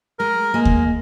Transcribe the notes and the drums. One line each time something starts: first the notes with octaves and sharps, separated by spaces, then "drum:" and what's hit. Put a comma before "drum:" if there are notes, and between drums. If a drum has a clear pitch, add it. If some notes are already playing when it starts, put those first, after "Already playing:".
G#3 A#4
G#3 A#3
drum: kick D#2